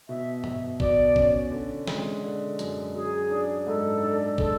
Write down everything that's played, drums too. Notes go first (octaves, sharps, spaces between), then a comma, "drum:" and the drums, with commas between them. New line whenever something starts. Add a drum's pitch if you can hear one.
B2 E5
B2, drum: tom G2
B2 D5, drum: kick
C#4, drum: kick
D3
G#3, drum: snare
D3
F#2, drum: hi-hat
F#3 G#4
D4
G#2 A4
D4
G#3 A4, drum: kick